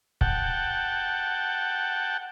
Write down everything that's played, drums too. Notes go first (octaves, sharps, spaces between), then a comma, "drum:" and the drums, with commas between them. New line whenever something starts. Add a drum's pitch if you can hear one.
F#5 G5 A5, drum: kick C#1